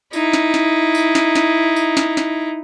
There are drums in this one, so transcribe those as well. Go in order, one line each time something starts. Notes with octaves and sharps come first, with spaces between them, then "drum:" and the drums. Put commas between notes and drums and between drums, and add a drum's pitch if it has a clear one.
D#4 E4, drum: tambourine
drum: snare
drum: snare
drum: tambourine
drum: snare
drum: snare
drum: tambourine
drum: snare
drum: snare